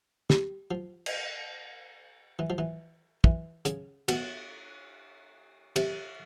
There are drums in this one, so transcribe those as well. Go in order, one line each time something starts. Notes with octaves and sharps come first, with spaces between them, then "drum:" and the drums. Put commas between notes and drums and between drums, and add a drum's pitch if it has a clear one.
G3, drum: snare
F3
drum: cymbal
E3
F3
E3
E3, drum: kick
C#3, drum: hi-hat
B2, drum: cymbal
C3, drum: cymbal